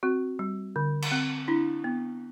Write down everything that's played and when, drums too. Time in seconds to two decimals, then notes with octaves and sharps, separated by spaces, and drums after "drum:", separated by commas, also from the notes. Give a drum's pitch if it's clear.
0.03 C4 F#4
0.39 G3
0.76 D3
1.02 drum: cymbal
1.11 C4
1.48 D4 E4
1.84 B3